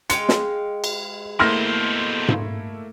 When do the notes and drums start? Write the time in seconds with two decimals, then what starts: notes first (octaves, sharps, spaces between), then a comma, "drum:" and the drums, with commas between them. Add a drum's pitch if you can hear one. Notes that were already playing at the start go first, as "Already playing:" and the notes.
0.10 G#3 F5 G5 C#7, drum: hi-hat
0.29 drum: snare
0.84 drum: cymbal
1.39 B2 A3 A#3 E4 C5 C6 F6 A#6
2.28 drum: tom G#2